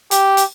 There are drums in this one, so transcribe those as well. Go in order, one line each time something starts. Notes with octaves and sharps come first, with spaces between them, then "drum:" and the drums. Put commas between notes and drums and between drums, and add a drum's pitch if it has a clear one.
G4, drum: hi-hat
drum: hi-hat